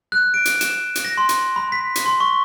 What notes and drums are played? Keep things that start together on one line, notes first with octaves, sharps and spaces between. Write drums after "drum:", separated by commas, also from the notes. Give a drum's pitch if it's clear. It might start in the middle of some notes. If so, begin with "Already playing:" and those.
F#6
D7
drum: hi-hat
E7, drum: hi-hat
drum: hi-hat
A#6
C6
drum: hi-hat
B5
B6
drum: hi-hat
C6
C#6